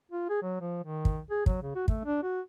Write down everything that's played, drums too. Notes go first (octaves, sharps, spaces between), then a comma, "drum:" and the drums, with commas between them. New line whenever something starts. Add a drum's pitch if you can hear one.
F4
G#4
F#3
F3
D#3
drum: kick
G#4
F#3, drum: kick
C#3
F#4
A3, drum: kick
D4
F#4